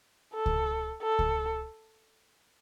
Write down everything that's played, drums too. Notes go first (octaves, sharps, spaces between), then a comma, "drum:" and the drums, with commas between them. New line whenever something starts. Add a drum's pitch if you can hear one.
A4
drum: kick C#2
A4
drum: kick C#2